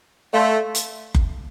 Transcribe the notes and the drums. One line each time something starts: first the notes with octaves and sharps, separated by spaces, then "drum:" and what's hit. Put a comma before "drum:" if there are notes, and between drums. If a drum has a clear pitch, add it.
A3 D5 F5 C6 G6
drum: hi-hat
drum: kick F#1